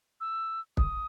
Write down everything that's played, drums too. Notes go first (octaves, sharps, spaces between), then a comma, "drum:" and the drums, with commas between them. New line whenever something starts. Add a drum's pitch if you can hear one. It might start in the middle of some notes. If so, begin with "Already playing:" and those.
E6
D#6, drum: kick